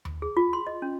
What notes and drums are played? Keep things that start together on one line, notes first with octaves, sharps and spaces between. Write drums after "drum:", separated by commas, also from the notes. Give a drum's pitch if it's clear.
drum: tom D#2
G#4
F4
C6
D#5
C#4